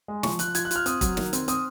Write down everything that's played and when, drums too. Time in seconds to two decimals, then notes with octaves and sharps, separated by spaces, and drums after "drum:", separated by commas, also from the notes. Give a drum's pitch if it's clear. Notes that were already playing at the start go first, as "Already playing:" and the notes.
0.08 G#3
0.23 F3 C#6, drum: snare
0.39 F3 F#6, drum: hi-hat
0.55 F4 G#6, drum: hi-hat
0.65 F#6
0.71 F4, drum: hi-hat
0.76 F6
0.86 C4 D#6, drum: hi-hat
1.01 F#3, drum: kick, hi-hat
1.17 D#3, drum: snare
1.33 C4, drum: hi-hat
1.48 C4 D#6, drum: hi-hat